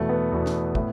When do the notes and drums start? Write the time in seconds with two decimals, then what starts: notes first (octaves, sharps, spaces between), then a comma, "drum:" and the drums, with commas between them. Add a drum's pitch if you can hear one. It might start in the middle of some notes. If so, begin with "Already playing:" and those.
Already playing: E2 B2 A3
0.09 B3
0.32 E2 B2
0.46 drum: snare
0.75 A2, drum: kick